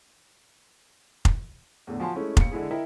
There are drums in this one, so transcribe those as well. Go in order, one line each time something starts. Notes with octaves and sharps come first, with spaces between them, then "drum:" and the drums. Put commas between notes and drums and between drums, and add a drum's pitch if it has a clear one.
drum: kick F1
E2 A2 D3
F3 F#4 F5 G#5 A5 C6
G#3 A3 C#4 E4
D#2 C#7, drum: kick F1
D3 G#3 E4 G#4
E4 A#4 D#5 E5 G5